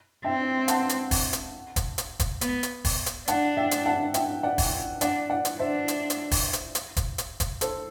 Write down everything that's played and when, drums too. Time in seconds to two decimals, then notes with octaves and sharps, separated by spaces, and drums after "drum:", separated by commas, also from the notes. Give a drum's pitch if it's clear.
0.24 C4 E5 G5
0.68 F#5 A5, drum: hi-hat
0.89 drum: hi-hat
1.11 drum: kick, open hi-hat
1.33 drum: hi-hat
1.76 drum: kick, hi-hat
1.98 drum: hi-hat
2.19 drum: kick, hi-hat
2.41 B3, drum: hi-hat
2.63 drum: hi-hat
2.85 drum: kick, open hi-hat
3.06 drum: hi-hat
3.28 D4 F#5 A5, drum: hi-hat
3.57 E5 G5
3.71 drum: hi-hat
3.86 F#5 A5
4.14 E5 G5, drum: hi-hat
4.43 D5 F#5
4.58 drum: kick, open hi-hat
5.01 D4 D5 F#5, drum: hi-hat
5.30 D5 F#5
5.45 drum: hi-hat
5.59 D4 C5 E5
5.88 drum: hi-hat
6.10 drum: hi-hat
6.31 drum: kick, open hi-hat
6.53 drum: hi-hat
6.75 drum: hi-hat
6.97 drum: kick, hi-hat
7.18 drum: hi-hat
7.40 drum: kick, hi-hat
7.61 A4 C5, drum: hi-hat